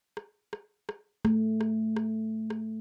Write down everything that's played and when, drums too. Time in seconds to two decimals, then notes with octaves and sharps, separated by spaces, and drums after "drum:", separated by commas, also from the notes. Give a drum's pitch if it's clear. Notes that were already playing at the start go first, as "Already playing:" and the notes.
0.17 drum: rim click
0.53 drum: rim click
0.89 drum: rim click
1.25 A3, drum: rim click
1.61 drum: rim click
1.96 drum: rim click
2.50 drum: rim click